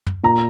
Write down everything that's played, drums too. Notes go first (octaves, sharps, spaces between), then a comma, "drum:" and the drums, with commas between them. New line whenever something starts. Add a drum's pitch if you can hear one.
drum: tom
A#2 A#5